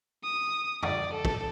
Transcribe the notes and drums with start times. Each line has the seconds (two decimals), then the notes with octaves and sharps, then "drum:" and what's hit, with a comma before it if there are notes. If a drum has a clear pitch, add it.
0.24 D#6
0.83 D5, drum: tom F2
1.14 A4
1.25 drum: kick